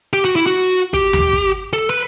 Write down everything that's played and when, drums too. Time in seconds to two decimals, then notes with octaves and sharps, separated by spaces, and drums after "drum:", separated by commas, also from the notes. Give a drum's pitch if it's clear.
0.13 G4
0.25 F#4
0.36 E4
0.46 F#4
0.94 G4, drum: kick
1.13 drum: tom D#2
1.33 drum: kick
1.73 A4
1.90 B4